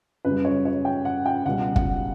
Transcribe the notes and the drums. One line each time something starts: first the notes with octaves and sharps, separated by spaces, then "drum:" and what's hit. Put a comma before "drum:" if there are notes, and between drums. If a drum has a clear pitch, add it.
F#2 C#3 G3 B4
C#5
C#5
G5
F#5
G5
C#2 B2 G3 F#5
F#5, drum: kick